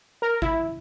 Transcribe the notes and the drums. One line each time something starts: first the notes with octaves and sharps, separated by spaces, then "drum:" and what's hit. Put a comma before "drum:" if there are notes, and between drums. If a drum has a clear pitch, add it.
A#4
E4, drum: kick